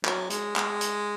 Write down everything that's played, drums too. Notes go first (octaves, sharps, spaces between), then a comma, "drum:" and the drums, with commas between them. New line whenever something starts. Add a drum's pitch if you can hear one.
F#3, drum: clap
G#3, drum: hi-hat
G#3, drum: clap
drum: hi-hat